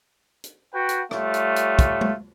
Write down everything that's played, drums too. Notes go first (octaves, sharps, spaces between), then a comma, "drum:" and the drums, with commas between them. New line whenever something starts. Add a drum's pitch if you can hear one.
drum: hi-hat
F#4 B4 G5
drum: hi-hat
G3 A3 F4 C#5, drum: rim click
drum: hi-hat
drum: hi-hat
drum: kick, hi-hat
drum: tom G#3